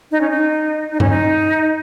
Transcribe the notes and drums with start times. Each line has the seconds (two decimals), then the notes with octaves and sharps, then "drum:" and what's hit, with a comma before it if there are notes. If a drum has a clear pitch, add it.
0.11 D#4
0.21 C#4
0.30 D#4
0.91 D#4
1.00 C#4, drum: tom G2
1.10 D#4